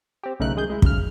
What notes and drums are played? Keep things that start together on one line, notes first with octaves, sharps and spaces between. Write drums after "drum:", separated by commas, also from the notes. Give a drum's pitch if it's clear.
C4 G4
B1 C#3 A3 D#4 A#4 F#6
C2 F#2 D#3 G#3 G#4 G6
G#3 E4
B1 C#3 F6, drum: kick